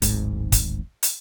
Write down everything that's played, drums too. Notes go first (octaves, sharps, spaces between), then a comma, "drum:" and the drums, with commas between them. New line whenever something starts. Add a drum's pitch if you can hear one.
D1 G#1 G#2, drum: hi-hat
drum: kick, hi-hat
drum: hi-hat